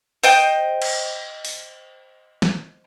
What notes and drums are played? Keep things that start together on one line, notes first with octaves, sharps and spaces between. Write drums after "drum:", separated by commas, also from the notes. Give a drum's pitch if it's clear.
C5 D#5 G5, drum: open hi-hat
drum: cymbal
drum: open hi-hat
drum: snare